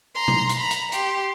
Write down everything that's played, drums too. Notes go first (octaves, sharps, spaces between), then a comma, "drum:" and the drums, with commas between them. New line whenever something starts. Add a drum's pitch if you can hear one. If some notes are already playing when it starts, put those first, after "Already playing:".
A#5 C6
drum: tom B2
drum: hi-hat
A#5 B5
drum: hi-hat
G4 C6, drum: hi-hat